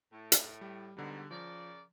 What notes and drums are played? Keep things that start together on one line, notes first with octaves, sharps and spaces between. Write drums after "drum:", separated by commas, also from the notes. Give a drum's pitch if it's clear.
A2
drum: hi-hat
G3
G#2 B2 D3 G3
C#3 F3 A#4 D5